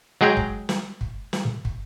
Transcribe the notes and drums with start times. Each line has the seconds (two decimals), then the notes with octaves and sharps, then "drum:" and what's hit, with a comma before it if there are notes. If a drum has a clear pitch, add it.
0.21 F#3 G#3 G#4 G5 A#5
0.37 drum: kick
0.69 drum: snare
1.01 drum: kick
1.33 drum: snare
1.65 drum: kick